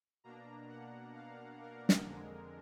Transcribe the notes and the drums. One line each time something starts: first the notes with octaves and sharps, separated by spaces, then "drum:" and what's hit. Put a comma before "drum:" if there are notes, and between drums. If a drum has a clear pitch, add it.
B2 A#3 D4 A#5
F#5
F5
A#4
drum: snare
F2 D3 G#3